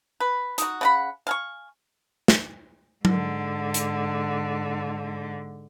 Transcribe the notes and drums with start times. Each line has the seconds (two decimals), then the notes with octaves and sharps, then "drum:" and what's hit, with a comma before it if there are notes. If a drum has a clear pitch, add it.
0.20 B4
0.58 D#4 F#4, drum: hi-hat
0.81 C#3 F#5 B5
1.27 F5 G#5 C#6
2.28 drum: snare
3.05 G#2 D3, drum: tom F#3
3.74 drum: hi-hat